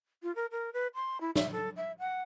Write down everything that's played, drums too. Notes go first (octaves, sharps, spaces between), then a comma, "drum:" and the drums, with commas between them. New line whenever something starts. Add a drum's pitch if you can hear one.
F4
A#4
A#4
B4
C6
E4
E5, drum: snare
A4
E5
F#5